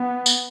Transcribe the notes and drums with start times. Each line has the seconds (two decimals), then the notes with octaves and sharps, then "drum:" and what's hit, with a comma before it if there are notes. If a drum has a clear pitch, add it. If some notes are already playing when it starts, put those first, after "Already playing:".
Already playing: B3
0.26 drum: tambourine